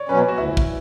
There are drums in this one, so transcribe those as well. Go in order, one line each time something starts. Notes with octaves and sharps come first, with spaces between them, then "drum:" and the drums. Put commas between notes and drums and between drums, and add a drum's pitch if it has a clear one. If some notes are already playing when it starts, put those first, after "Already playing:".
Already playing: C#5 D5
B2 F#3 C#4 B4
F#4
D2 E4
drum: kick